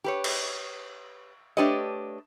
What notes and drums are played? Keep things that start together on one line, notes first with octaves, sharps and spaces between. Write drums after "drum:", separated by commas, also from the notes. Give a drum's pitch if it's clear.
G4 B4 C#5
drum: cymbal
A3 D4 G4 B4 C#5 D#5